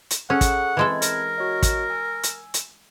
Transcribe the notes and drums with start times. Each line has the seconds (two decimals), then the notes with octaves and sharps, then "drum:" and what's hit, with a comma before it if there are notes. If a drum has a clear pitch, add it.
0.10 drum: hi-hat
0.30 C#4 G#4 A4 F#5 C#6
0.41 drum: kick, hi-hat
0.77 E3 G#3 C4 A4 B5 G#6
1.02 A#4, drum: hi-hat
1.38 F#4 C#5 D#5
1.63 drum: kick, hi-hat
1.90 G#5 E6
2.23 drum: hi-hat
2.54 drum: hi-hat